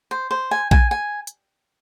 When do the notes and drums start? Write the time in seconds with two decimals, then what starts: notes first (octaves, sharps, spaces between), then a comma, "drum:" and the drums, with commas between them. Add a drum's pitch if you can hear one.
0.11 C5
0.31 C5
0.51 G#5
0.71 G#5, drum: kick A#1
0.91 G#5
1.27 drum: hi-hat